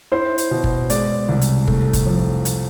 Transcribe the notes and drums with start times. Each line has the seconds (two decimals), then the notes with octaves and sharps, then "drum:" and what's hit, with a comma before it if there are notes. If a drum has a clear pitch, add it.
0.12 E4 C5
0.38 drum: hi-hat
0.51 B2
0.64 drum: kick G1
0.90 G#3 D5, drum: hi-hat
1.29 C2
1.41 drum: hi-hat
1.67 A3, drum: kick G1
1.93 drum: kick G1, hi-hat
2.06 F2
2.45 drum: hi-hat